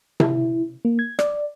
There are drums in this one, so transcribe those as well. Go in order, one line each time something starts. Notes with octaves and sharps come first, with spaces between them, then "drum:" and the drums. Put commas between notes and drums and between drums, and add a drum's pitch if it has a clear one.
E4, drum: tom C3
A#3
G#6
D5, drum: rim click